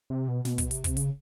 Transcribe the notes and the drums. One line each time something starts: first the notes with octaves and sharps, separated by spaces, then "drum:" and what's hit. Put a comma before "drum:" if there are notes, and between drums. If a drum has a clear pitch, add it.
C3
B2
B2, drum: snare
drum: kick, hi-hat
C3, drum: hi-hat
drum: kick, hi-hat
C#3, drum: hi-hat